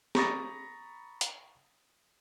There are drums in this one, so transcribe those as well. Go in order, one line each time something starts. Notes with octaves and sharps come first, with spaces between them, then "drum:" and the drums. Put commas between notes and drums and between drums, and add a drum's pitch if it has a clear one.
A#5 B5 C#6 D#6 A6 A#6, drum: snare
drum: hi-hat